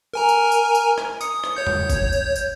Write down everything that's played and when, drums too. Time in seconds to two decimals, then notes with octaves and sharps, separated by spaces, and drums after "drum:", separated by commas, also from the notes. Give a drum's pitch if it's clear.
0.14 A#4 G#5 A#5
0.29 drum: tambourine
0.52 drum: tambourine
0.75 drum: tambourine
0.98 drum: rim click
1.21 D#6 C#7, drum: tambourine
1.44 drum: rim click
1.56 C#5 G6
1.67 drum: tom E2
1.90 drum: kick F#1, tambourine
2.13 drum: tambourine
2.36 drum: tambourine